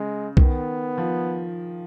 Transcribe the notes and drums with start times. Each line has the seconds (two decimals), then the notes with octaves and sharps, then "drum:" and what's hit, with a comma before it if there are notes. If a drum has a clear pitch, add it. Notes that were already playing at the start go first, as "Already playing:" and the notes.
Already playing: C#3 G#3
0.37 D#3 B3, drum: kick
0.98 F3